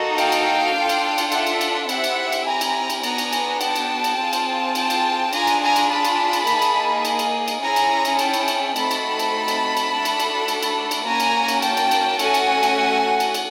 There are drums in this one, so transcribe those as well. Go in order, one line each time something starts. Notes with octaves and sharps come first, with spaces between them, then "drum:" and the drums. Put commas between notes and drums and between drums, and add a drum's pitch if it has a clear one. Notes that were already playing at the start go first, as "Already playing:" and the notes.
Already playing: A#3 D#4 F#4 A4
F5 G5, drum: cymbal
drum: cymbal
D4 F4 A4
drum: cymbal
drum: cymbal
E5 F#5, drum: cymbal
drum: cymbal
drum: cymbal
C4 E4 G4 E5 F#5, drum: cymbal
drum: cymbal
drum: cymbal
G#5 A#5
drum: cymbal
drum: cymbal
B3 D4 F#4 G#5 A#5, drum: cymbal
drum: cymbal
drum: cymbal
G5 A5, drum: cymbal
drum: cymbal
drum: cymbal
C4 F4 G#4
drum: cymbal
G5 A5, drum: cymbal
drum: cymbal
D4 F4 G#4 G#5 A#5, drum: cymbal
drum: cymbal
G#5 A#5
drum: cymbal
A5 B5
drum: cymbal
drum: cymbal
A#3 D#4 G#4, drum: cymbal
drum: cymbal
drum: cymbal
drum: cymbal
drum: cymbal
C#4 E4 G#4 G#5 A#5
drum: cymbal
drum: cymbal
G5 A5, drum: cymbal
drum: cymbal
drum: cymbal
A3 C4 D#4 F#4 A4 A5 B5, drum: cymbal
drum: cymbal
drum: cymbal
drum: cymbal
drum: cymbal
A3 D4 F#4 A4
drum: cymbal
drum: cymbal
drum: cymbal
drum: cymbal
drum: cymbal
A#3 C#4 F#4 G#5 A#5
drum: cymbal
drum: cymbal
G5 A5, drum: cymbal
drum: cymbal
drum: cymbal
A3 C#4 F#4 A4 F#5 G#5, drum: cymbal
drum: cymbal
drum: cymbal
drum: cymbal
drum: cymbal